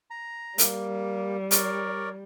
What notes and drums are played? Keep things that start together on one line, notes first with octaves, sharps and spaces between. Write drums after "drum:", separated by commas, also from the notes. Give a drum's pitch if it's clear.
A#5
G3 A#3, drum: hi-hat
A#4 C#5 D5, drum: hi-hat